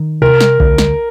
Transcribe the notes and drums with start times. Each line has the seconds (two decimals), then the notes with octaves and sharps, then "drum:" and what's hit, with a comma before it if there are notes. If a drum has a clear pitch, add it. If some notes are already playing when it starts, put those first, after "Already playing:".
Already playing: D#3
0.22 C3 A#4
0.41 drum: snare
0.60 D2, drum: kick B1
0.78 drum: snare